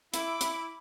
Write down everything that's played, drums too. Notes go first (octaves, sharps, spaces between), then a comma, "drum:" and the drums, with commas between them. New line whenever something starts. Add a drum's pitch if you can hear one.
E4 B5 D6, drum: hi-hat
drum: hi-hat